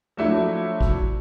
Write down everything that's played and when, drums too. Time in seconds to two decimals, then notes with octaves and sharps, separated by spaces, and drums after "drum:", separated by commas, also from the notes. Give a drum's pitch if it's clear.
0.17 F3 F#3 A3 D4 E4
0.81 drum: kick G#1